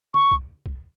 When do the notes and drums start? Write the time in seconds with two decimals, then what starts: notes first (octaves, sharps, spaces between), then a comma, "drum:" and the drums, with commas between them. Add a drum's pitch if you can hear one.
0.14 C#6, drum: tom
0.31 drum: kick
0.66 drum: kick